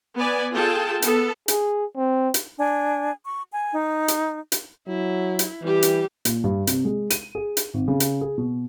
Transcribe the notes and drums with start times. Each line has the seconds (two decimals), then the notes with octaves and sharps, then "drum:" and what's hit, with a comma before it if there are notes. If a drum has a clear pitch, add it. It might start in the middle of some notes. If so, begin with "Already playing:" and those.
0.16 B3 B4 D5 G#5
0.53 F4 G#4 A4 G5 A5
1.02 B3 A4, drum: hi-hat
1.48 G#4, drum: hi-hat
1.96 C4
2.34 drum: hi-hat
2.58 D4 G#5
3.25 C#6
3.52 G#5
3.73 D#4
4.08 drum: hi-hat
4.52 drum: hi-hat
4.88 F#3 E4
5.39 drum: hi-hat
5.62 E3 G3 G4
5.82 drum: hi-hat
6.25 A#2, drum: hi-hat
6.44 G2
6.67 C3, drum: hi-hat
6.85 G#3
7.10 D#7, drum: hi-hat
7.35 G#4
7.57 drum: hi-hat
7.74 G#1
7.88 C#3
8.00 drum: hi-hat
8.21 G#4
8.38 B2